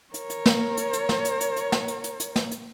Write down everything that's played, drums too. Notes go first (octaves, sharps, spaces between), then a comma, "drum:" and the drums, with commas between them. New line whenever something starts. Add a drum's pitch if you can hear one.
A#4 C#5, drum: hi-hat
drum: hi-hat
drum: snare
drum: hi-hat
drum: hi-hat
drum: snare
drum: hi-hat
drum: hi-hat
drum: hi-hat
drum: snare
drum: hi-hat
drum: hi-hat
drum: hi-hat
drum: snare
drum: hi-hat